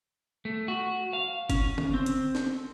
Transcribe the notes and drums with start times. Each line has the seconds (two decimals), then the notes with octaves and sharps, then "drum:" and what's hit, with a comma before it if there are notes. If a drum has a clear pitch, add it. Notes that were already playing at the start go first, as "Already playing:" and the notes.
0.45 A3
0.68 F#4
1.13 F5
1.50 C#4, drum: kick F#1, hi-hat
1.78 drum: tom D3
1.94 C4
2.06 drum: hi-hat
2.35 drum: snare